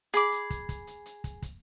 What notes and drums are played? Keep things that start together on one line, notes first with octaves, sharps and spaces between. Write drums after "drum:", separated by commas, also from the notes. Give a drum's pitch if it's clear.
G#4 B5 D6, drum: hi-hat
drum: hi-hat
drum: kick, hi-hat
drum: kick, hi-hat
drum: hi-hat
drum: hi-hat
drum: kick, hi-hat
drum: kick, hi-hat